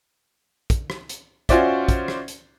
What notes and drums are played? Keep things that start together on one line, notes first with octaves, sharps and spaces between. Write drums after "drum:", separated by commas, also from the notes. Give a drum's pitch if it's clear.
drum: kick, hi-hat
drum: rim click
drum: hi-hat
C#4 F4 F#4 C5 D5 E5, drum: kick, hi-hat
drum: kick, hi-hat
drum: rim click
drum: hi-hat